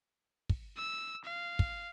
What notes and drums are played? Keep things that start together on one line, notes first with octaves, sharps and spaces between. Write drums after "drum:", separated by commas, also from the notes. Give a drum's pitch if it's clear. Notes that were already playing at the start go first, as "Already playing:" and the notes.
drum: kick
E6
F5
drum: kick